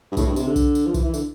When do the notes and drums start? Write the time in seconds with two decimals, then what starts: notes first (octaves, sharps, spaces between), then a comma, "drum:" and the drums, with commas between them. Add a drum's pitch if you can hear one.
0.11 G2
0.17 A2, drum: kick B1, tambourine
0.27 G2
0.36 C3, drum: tambourine
0.47 D3
0.56 drum: kick B1, tambourine
0.75 drum: tambourine
0.87 F3
0.94 E3, drum: kick B1, tambourine
1.05 E3
1.14 D3, drum: tambourine